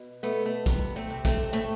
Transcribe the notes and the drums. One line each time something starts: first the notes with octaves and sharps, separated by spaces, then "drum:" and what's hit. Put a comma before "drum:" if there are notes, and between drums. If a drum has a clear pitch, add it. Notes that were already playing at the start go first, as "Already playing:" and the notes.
Already playing: B2
A3 B3
A3
C3 B3, drum: kick, hi-hat
A3 C4
C3
A3 C4, drum: kick, hi-hat
A2 A3 C4